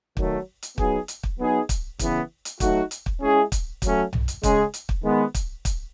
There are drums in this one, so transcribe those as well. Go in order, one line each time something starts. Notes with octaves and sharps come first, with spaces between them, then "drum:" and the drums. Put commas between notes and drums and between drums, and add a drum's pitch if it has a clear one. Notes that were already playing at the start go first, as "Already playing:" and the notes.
D#3 F#3 A3, drum: kick
drum: hi-hat
F#3 B3 D#4 G#4, drum: kick
drum: hi-hat
drum: kick
F#3 B3 D#4 G#4
drum: kick, hi-hat
C#3 E3 B3, drum: kick, hi-hat
drum: hi-hat
F#3 A3 D#4 F#4, drum: kick, hi-hat
drum: hi-hat
drum: kick
G#3 C#4 E4 G#4
drum: kick, hi-hat
F#3 A3 C#4, drum: kick, hi-hat
drum: tom B1
drum: hi-hat
C#3 G#3 C#4 G#4, drum: kick, hi-hat
drum: hi-hat
drum: kick
D#3 G#3 B3
drum: kick, hi-hat
drum: kick, hi-hat